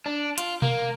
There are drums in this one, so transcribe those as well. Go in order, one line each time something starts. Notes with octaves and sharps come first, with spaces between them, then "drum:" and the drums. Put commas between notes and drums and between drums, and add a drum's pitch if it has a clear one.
D4
F4, drum: hi-hat
A#3, drum: tom B2